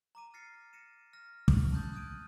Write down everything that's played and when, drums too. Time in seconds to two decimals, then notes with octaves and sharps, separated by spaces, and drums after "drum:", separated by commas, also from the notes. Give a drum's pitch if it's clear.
0.15 A#5 D6 D#7
0.34 F6 A6 A#6 C7 C#7
0.73 A#6 C#7 D#7 E7
1.13 F6 A#6
1.48 drum: kick
1.72 A5 C6 D#6 F#6 G6 A6
1.93 D#6 F6 G6 G#6 D7 D#7